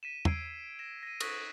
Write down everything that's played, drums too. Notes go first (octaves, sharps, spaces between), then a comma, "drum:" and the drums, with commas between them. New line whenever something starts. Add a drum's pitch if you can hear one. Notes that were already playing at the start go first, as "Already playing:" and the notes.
B6 D#7 E7
E6 G#6 C7 D7 D#7, drum: tom
A#6 E7
A#6 D#7
C#6 D#6 F#6 G#6 A#6 B6, drum: cymbal